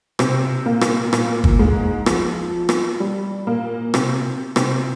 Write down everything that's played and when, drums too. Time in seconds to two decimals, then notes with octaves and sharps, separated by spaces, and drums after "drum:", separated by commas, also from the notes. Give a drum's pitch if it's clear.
0.19 C3 C4, drum: rim click
0.66 A#2 A#3
0.81 drum: rim click
1.13 A#2 A#3, drum: rim click
1.44 drum: kick
1.59 G#2 G#3
2.06 F3, drum: rim click
2.69 drum: rim click
3.00 G3
3.47 A#2 A#3
3.94 C3 C4, drum: rim click
4.56 C3 C4, drum: rim click